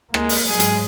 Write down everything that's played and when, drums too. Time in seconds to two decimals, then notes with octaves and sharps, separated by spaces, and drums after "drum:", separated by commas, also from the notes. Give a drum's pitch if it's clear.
0.14 G#3 A#3, drum: rim click
0.29 drum: open hi-hat
0.48 G#2 F#3 G#3 G#4
0.60 drum: hi-hat